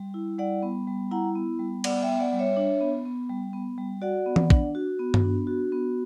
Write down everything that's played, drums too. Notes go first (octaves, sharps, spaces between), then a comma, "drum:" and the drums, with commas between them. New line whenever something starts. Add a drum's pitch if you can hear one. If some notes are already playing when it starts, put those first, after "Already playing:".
Already playing: G3
E4
G3 D5 F#5
B3
G3
E4 F#5 A#5
B3
G3
B3 D5 F#5, drum: cymbal
E5 G5
B3
D5 F#5
G3
C#5 E5
D4
B3
B3
G3
B3
G3
F#4 D5 F#5
B3
drum: tom E3
D4, drum: kick
F#4
B3
drum: tom G2
D4
F#4
B3